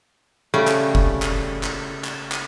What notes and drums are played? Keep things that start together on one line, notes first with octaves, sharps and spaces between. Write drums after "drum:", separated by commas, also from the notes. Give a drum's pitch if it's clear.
C#3 G3 A3 C#4
drum: clap
drum: kick F1
drum: clap
drum: clap
drum: clap
drum: clap